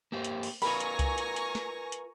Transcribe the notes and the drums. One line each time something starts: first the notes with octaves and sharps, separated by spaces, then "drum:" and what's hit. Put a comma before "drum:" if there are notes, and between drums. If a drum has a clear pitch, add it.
A#3 G4 C5
drum: hi-hat
drum: open hi-hat
F4 A#4 B4 G#5 A#5 B5 C#6, drum: open hi-hat
drum: hi-hat
drum: kick C2, hi-hat
drum: hi-hat
drum: hi-hat
drum: snare
drum: hi-hat